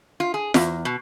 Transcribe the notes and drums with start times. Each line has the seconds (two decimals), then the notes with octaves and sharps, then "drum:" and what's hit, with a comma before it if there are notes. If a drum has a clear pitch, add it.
0.20 F4
0.34 G#4
0.54 E2, drum: snare F4
0.85 B2